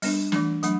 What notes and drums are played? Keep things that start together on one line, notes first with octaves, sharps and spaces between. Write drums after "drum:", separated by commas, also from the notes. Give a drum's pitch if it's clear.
G3 B3 D4, drum: open hi-hat
E3 A3 D4, drum: snare
F#3 A3 D4, drum: hi-hat